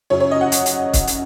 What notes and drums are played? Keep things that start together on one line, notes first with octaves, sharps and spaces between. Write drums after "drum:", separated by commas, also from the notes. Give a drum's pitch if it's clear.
F#2 C#3 C#5
C#5
D#5
F#5
drum: hi-hat
drum: hi-hat
drum: kick, hi-hat
drum: hi-hat